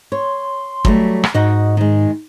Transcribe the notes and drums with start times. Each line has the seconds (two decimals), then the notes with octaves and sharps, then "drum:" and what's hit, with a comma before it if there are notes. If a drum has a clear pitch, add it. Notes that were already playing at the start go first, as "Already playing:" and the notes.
0.12 C#5 C6
0.85 F#3 G3 A3, drum: kick
1.24 drum: rim click
1.34 G#2 D#4 F#4 D#5
1.77 D#3 G#3